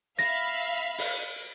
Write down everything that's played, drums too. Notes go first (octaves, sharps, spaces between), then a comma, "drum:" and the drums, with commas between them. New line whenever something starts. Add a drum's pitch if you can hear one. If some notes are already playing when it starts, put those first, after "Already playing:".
E5 F5 B5 A#6, drum: hi-hat
drum: open hi-hat